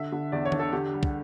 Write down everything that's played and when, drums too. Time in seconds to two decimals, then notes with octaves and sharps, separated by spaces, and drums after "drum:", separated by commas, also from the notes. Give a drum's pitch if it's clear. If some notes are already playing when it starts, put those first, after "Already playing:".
Already playing: D3 E5
0.12 D3
0.32 E2 D5
0.45 C#5
0.52 D4, drum: tom D3
0.59 A4
0.72 D3 G4
0.93 G3
1.03 drum: kick